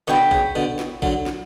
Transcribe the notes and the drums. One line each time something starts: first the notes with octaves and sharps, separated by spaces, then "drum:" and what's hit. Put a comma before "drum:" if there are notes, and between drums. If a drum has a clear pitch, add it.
B2 D3 C#5 G5 B5
C#3, drum: kick A#1
B2 D3
drum: snare
D3 F#3, drum: kick A#1
drum: snare